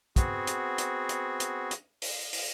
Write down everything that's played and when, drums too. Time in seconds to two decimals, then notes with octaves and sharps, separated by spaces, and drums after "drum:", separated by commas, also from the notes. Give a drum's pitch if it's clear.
0.16 B3 C4 F#4 G#4, drum: kick, hi-hat
0.47 drum: hi-hat
0.78 drum: hi-hat
1.09 drum: hi-hat
1.40 drum: hi-hat
1.71 drum: hi-hat
2.02 drum: open hi-hat
2.33 drum: open hi-hat